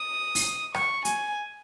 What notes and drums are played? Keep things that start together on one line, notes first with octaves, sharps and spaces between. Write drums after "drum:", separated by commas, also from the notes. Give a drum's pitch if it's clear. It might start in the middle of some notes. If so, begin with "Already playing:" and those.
Already playing: D#6
drum: open hi-hat
C#6, drum: rim click
G#5, drum: hi-hat